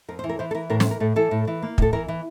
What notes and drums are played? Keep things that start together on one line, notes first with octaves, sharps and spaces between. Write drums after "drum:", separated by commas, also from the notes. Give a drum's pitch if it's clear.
F2 A#4
C5
E3
A#4
E3 C5
A4
E3 A#4
A2 A#4
C5, drum: snare
E3
A#4
A2 A4
E3 A4
A2
E3
A#3
A2 A4, drum: kick
E3 A#4
E3